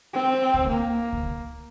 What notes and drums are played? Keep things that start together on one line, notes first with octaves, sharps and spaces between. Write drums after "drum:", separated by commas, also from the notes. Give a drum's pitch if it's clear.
C4
drum: kick C#2
A#3
drum: kick C#2